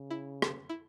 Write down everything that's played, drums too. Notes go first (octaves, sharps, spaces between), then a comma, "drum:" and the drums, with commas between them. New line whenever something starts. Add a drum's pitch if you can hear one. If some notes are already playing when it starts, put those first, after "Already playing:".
Already playing: C#3
E4
G4, drum: rim click
E4